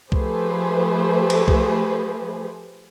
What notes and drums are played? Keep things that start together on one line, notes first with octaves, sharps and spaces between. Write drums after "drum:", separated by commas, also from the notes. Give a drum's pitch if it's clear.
F3 A3 G4 G#4 B4 C5, drum: kick C2
drum: cymbal
drum: kick C2